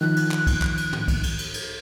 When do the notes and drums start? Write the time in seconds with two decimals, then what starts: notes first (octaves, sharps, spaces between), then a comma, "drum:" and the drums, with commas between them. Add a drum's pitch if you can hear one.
0.01 D#3 F3 F#6
0.16 drum: cymbal
0.31 drum: clap
0.47 drum: kick B1, cymbal
0.62 drum: clap
0.77 drum: cymbal
0.93 drum: tom
1.08 drum: kick B1, cymbal
1.23 drum: cymbal
1.39 drum: cymbal
1.54 drum: cymbal